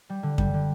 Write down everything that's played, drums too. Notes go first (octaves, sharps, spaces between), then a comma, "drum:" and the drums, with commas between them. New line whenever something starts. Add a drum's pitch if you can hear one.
G3
D3
G3, drum: kick F#2
D3